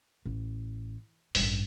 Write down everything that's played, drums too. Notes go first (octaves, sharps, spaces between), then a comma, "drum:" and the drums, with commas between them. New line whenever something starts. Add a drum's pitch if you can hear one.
A1
A1 G2, drum: open hi-hat